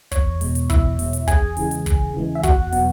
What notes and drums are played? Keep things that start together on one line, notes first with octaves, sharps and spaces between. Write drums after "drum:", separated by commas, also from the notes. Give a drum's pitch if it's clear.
E2 C#5, drum: kick, hi-hat
B2 G#3, drum: open hi-hat
drum: hi-hat
E2 E4 E5, drum: kick, hi-hat
B2 G#3, drum: open hi-hat
drum: hi-hat
E2 G#4 G#5, drum: kick, hi-hat
C#3 E3 G#3, drum: open hi-hat
drum: hi-hat
E2, drum: kick, hi-hat
C#3 E3 G#3
E5
E2 F#4 F#5, drum: kick, hi-hat
B2 F#3 B3, drum: open hi-hat